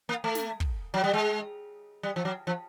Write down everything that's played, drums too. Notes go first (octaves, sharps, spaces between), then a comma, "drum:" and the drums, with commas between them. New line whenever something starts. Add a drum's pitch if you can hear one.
A#3
A3
drum: snare
drum: kick
F#3
G3
G#3
G3
F3
F#3
F3